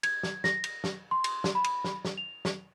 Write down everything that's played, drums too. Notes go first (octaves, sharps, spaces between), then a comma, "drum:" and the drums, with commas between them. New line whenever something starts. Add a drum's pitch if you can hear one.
G#6, drum: cymbal
drum: snare
A#6, drum: snare
drum: cymbal
drum: snare
C6
drum: cymbal
drum: snare
B5
drum: cymbal
drum: snare
drum: snare
F7
drum: snare